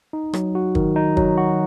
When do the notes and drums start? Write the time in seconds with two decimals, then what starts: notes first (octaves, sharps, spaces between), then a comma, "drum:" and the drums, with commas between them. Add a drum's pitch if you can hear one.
0.13 D#4
0.33 F#3, drum: rim click
0.55 F#4
0.75 D#3, drum: kick
0.96 D#4
1.17 F#3, drum: kick
1.37 F#4